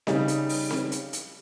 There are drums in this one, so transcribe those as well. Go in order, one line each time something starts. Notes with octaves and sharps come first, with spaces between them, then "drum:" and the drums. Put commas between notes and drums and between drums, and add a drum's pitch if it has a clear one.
C#3 G3 D#4, drum: snare C4
drum: hi-hat
drum: open hi-hat
drum: snare C4
drum: hi-hat
drum: hi-hat